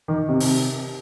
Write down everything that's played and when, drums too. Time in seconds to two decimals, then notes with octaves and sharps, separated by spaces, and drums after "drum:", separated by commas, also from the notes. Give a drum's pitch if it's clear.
0.08 D#3
0.29 C3
0.40 drum: open hi-hat